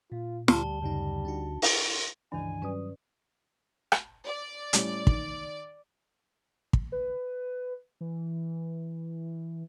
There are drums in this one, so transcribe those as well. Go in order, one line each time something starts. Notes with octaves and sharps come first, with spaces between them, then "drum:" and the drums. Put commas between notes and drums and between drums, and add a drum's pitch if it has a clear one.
A#2 F4
D2 G3 A5 G7, drum: snare
F#2 C#3 G3 D#4
D4 D#4 F#4
drum: open hi-hat
C#2 G2 D#3 E3 D4 G#5
G2 F#3 C#4 B4 D5 D#6
drum: rim click
D5
A2 G3 C#4, drum: hi-hat
D#3, drum: kick
drum: kick
B4
E3